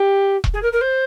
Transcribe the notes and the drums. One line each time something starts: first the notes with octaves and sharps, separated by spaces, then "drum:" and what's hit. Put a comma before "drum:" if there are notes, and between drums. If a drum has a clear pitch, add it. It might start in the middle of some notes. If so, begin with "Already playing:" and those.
Already playing: G4
drum: kick E1
G#4
A#4
A#4
C5